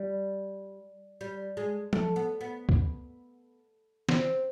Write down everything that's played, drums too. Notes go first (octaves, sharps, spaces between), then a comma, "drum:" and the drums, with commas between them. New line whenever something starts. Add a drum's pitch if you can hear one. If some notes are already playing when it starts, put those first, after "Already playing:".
Already playing: G3
G3
G#3
A3, drum: tom F3
B3
B3
drum: kick
C4, drum: snare